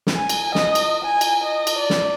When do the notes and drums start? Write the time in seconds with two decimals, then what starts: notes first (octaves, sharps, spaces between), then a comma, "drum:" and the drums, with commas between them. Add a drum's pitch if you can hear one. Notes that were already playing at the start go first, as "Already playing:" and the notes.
0.07 drum: snare
0.16 G#5
0.29 drum: cymbal
0.55 D#5, drum: snare
0.75 drum: cymbal
1.05 G#5
1.21 drum: cymbal
1.44 D#5
1.67 drum: cymbal
1.79 D5
1.90 drum: snare